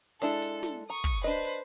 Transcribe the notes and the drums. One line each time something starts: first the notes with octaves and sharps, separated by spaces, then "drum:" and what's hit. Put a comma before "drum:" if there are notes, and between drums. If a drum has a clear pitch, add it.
G#3 D4 E4 A4, drum: hi-hat
drum: hi-hat
drum: snare
A#5 C#6 D#6
drum: kick, open hi-hat
D4 B4 C5 D#5
drum: hi-hat